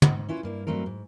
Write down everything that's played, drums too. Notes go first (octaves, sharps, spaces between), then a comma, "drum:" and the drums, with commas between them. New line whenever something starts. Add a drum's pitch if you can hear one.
G#2, drum: tom
C#4 E4 F4 B4
G2 A#3 E4
G2 F#3 A3 C4 A#4
G#2